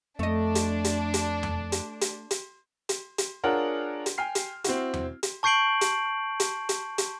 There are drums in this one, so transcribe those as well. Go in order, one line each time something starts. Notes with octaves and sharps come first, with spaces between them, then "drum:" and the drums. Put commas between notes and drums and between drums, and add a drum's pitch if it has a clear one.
F2 A3 D4 D#5
drum: hi-hat
drum: hi-hat
drum: hi-hat
drum: tom E2
drum: hi-hat
drum: hi-hat
drum: hi-hat
drum: hi-hat
drum: hi-hat
D4 F4 G#4 A#4 C#5 F#5
drum: hi-hat
G5 G#5 F6 C7
drum: hi-hat
C4 E4 F#4, drum: hi-hat
drum: tom E2
drum: hi-hat
A5 C#6 G6 C7 D7 F#7
drum: hi-hat
drum: hi-hat
drum: hi-hat
drum: hi-hat